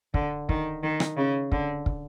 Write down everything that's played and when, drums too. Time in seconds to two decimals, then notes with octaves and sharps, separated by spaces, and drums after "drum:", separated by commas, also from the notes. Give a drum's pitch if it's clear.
0.14 D3, drum: kick
0.49 D#3, drum: kick
0.83 D#3
1.00 drum: rim click
1.17 C#3
1.52 D3, drum: kick
1.86 drum: kick